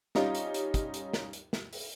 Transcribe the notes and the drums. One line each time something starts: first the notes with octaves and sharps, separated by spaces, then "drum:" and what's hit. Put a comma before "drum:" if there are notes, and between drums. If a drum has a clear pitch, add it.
G3 C#4 D#4 F4 G4, drum: snare
drum: hi-hat
drum: hi-hat
drum: kick, hi-hat
drum: hi-hat
drum: snare
drum: hi-hat
drum: snare
drum: open hi-hat